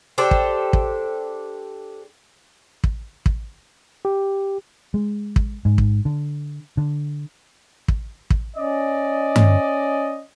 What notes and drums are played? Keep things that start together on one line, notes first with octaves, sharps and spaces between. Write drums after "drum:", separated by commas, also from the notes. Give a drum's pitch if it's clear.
D4 G4 A4 C5
drum: kick
drum: kick
drum: kick
drum: kick
G4
G#3
drum: kick
G#2
drum: kick
D3
D3
drum: kick
drum: kick
C#4 D5 D#5
drum: tom G2